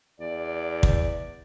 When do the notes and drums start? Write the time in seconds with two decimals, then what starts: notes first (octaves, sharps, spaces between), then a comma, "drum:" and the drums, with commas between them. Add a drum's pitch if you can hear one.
0.20 E2 D5
0.83 drum: kick